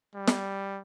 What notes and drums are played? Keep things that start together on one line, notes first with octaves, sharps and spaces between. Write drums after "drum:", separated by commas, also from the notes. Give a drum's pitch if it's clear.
G3
drum: snare